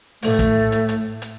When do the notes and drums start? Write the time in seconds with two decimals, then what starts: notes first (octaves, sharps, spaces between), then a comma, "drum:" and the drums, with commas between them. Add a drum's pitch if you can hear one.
0.22 A2 A3, drum: open hi-hat
0.39 drum: kick, hi-hat
0.72 drum: hi-hat
0.89 drum: hi-hat
1.22 drum: hi-hat